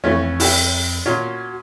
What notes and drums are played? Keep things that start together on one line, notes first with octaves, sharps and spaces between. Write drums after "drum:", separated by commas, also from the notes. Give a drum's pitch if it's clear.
F2 E3 A3 C#4
E4 G4, drum: open hi-hat
A#2 C#4 F#4